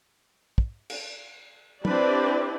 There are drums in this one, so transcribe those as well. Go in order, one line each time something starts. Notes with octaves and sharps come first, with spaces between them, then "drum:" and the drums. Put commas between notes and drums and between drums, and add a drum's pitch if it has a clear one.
drum: kick
drum: cymbal
C4 D4 E4 G4 B4 D5, drum: tom